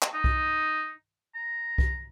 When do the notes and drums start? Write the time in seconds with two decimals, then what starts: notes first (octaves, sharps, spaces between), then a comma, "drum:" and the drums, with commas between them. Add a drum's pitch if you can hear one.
0.02 drum: clap
0.14 D#4
0.24 drum: kick C2
1.34 A#5
1.78 drum: kick C2